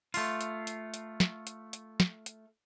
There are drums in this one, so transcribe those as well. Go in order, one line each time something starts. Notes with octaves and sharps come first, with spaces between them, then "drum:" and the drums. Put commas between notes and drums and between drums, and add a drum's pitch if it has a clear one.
A3 F4, drum: open hi-hat
drum: hi-hat
drum: hi-hat
drum: hi-hat
drum: snare
drum: hi-hat
drum: hi-hat
drum: snare
drum: hi-hat